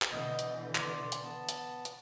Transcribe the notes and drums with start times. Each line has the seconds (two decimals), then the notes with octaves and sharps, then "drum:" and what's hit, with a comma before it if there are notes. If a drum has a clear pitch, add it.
0.02 drum: clap
0.12 B2 D3 E3 B3 D#5 G6
0.39 drum: hi-hat
0.75 D5 C6, drum: clap
1.12 drum: hi-hat
1.23 B3 A5
1.49 drum: hi-hat
1.85 drum: hi-hat